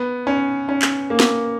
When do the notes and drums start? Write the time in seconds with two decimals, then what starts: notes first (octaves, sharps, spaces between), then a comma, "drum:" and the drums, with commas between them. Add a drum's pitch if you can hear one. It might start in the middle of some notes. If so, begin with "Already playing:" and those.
Already playing: B3
0.27 C#4
0.69 C#4
0.82 drum: clap
1.10 A#3
1.20 drum: snare